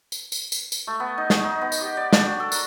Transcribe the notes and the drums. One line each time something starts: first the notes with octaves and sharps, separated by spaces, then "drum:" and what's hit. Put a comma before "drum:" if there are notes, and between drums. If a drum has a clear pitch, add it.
drum: tambourine
drum: tambourine
drum: tambourine
drum: tambourine
A3
B3
D#4
G#4, drum: snare
D#4
B3
drum: tambourine
G4
D5
D4, drum: snare
F#4
A4
A#4, drum: tambourine